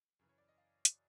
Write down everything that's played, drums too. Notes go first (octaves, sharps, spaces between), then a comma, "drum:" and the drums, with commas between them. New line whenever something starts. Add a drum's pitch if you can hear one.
F#2 C#3 E3
C#5
D5
D#5
F5
drum: hi-hat